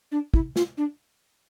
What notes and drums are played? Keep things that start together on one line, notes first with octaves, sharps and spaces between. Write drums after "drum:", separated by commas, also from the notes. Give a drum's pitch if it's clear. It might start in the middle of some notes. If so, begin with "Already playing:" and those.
D4
E4, drum: kick
F4, drum: snare
D4